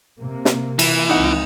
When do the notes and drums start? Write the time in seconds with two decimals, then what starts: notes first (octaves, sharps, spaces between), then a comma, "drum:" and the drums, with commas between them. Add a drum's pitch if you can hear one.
0.20 C3 A#3
0.45 drum: snare
0.79 E3, drum: cymbal
1.09 C#2 C4 D#4 F#5